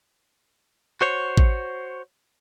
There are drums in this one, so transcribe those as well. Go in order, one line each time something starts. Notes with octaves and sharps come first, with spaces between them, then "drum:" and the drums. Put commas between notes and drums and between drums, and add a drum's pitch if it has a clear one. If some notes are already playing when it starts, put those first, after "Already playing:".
F#4 C5 C#5
drum: kick A1